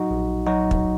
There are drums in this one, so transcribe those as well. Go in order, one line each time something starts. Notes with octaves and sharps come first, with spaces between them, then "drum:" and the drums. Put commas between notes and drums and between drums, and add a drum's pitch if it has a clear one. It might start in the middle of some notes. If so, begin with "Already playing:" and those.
Already playing: F#3 D#4 F#4
A#1
F#3 D#4 F#4
drum: kick